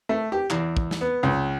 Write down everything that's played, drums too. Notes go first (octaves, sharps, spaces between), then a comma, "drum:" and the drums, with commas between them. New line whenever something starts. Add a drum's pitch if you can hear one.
A3
G4
E2, drum: clap
drum: kick
drum: snare
B3
C#2